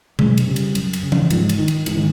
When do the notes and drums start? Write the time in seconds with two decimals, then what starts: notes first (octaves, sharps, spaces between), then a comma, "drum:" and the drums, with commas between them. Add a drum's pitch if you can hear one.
0.19 F#2 G#3, drum: tom B2
0.38 drum: cymbal
0.47 C#3 G3
0.56 drum: cymbal
0.75 F#2, drum: cymbal
0.93 drum: cymbal
1.03 C#3
1.12 drum: tom E3
1.30 G#2 F3, drum: cymbal
1.49 drum: cymbal
1.59 D#3
1.68 drum: cymbal
1.86 G#2 E3, drum: cymbal
1.96 D#3